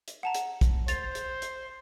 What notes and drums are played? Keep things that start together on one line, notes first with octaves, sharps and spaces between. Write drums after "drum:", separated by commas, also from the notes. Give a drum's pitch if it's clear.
drum: hi-hat
F#5 A5 A#5
drum: hi-hat
drum: kick, hi-hat
C5 A6 F7, drum: hi-hat
drum: hi-hat
drum: hi-hat